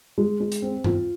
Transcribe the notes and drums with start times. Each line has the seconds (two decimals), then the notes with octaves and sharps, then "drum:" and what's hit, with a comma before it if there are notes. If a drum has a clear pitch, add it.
0.18 G#3
0.40 G#3
0.52 drum: hi-hat
0.62 C4
0.84 F4, drum: tom G2